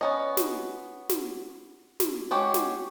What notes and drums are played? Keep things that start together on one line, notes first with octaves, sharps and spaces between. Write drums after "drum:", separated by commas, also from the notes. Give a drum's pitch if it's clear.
B3 C#4 D#5
drum: snare
drum: snare
drum: snare
G#3 F#4 G4 C#5
drum: snare